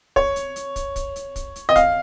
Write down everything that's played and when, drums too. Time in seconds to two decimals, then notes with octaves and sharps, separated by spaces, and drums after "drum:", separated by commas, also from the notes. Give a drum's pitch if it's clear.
0.16 C#5, drum: kick
0.36 drum: hi-hat
0.56 drum: hi-hat
0.76 drum: kick, hi-hat
0.96 drum: kick, hi-hat
1.16 drum: hi-hat
1.36 drum: kick, hi-hat
1.56 drum: hi-hat
1.69 D#5
1.76 F5, drum: kick, hi-hat